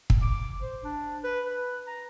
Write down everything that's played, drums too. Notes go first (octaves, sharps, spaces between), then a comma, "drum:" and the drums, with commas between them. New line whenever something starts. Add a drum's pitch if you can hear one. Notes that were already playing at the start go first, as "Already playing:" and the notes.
drum: kick
D6
C5
D4
B4
B4
A#5